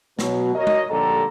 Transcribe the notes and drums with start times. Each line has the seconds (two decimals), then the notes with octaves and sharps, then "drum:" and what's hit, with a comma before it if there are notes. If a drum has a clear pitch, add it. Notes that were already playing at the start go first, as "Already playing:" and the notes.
0.19 B2 F#3, drum: snare
0.55 F#4 A#4 C#5 D#5
0.67 drum: tom G#3
0.90 A#1 D#2 D3 G3 A4 A#5